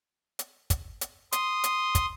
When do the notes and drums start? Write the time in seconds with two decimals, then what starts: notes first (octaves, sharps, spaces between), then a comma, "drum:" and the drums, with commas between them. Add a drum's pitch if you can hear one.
0.39 drum: hi-hat
0.70 drum: kick, hi-hat
1.01 drum: hi-hat
1.32 C6 D#6, drum: hi-hat
1.64 drum: hi-hat
1.95 drum: kick, hi-hat